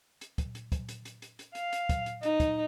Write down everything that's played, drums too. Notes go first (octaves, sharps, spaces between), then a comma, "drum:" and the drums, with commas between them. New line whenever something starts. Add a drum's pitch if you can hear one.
drum: hi-hat
drum: kick, hi-hat
drum: hi-hat
drum: kick, hi-hat
drum: hi-hat
drum: hi-hat
drum: hi-hat
drum: hi-hat
F5, drum: hi-hat
drum: hi-hat
drum: kick, hi-hat
drum: hi-hat
D#4, drum: hi-hat
drum: kick, hi-hat